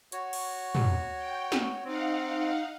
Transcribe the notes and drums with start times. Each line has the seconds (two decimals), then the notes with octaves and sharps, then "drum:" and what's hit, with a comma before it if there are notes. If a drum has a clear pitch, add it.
0.12 F#4 C#5, drum: hi-hat
0.33 drum: cymbal
0.75 drum: tom
1.18 G5
1.52 drum: snare
1.84 C4 D#4 F5 F#5